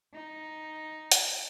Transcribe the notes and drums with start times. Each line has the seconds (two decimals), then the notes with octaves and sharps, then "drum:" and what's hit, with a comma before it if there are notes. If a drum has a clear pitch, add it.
0.13 D#4
1.12 drum: hi-hat